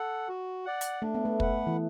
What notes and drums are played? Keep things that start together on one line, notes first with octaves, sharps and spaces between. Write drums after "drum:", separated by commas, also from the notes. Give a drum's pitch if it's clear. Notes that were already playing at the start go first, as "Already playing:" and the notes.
Already playing: A4 F#5
F#4
D5 F#5
drum: hi-hat
A3 D4
B3
A3
B4 F#5, drum: kick
E3